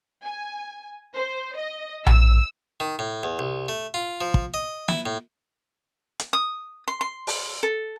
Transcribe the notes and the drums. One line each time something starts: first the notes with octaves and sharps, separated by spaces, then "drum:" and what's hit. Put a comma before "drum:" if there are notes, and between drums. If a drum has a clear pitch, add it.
G#5
C5
D#5
E6, drum: tom A#1
D#3
A2
E2
C2
A3
F4
F3
drum: kick
D#5
E4, drum: snare
A2
drum: hi-hat
D#6
C6
C6
drum: open hi-hat
A4